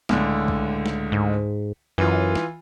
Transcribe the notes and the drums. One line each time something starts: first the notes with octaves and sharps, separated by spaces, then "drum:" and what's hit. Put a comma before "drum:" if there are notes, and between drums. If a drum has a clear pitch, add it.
C#2 A2 D3, drum: snare
drum: kick B1
drum: snare
G#2
F#2 E3 F4
drum: snare